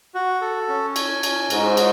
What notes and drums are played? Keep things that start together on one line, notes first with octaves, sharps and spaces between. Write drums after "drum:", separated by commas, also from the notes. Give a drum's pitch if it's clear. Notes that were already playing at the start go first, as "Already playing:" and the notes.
F#4
A4
C#4
C#5, drum: cymbal
C#4, drum: cymbal
G#2 F#4, drum: cymbal
C#5, drum: cymbal